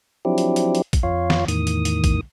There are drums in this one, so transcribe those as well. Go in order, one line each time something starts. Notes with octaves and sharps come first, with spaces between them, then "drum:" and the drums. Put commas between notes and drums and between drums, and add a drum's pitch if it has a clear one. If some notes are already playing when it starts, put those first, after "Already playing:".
F3 F#3 C4 D4 E4 G4
drum: hi-hat
drum: hi-hat
drum: hi-hat
drum: kick, hi-hat
F2 F4 C#5 F5
drum: snare
E2 A2 D#3 D#6, drum: hi-hat
drum: hi-hat
drum: hi-hat
drum: kick, hi-hat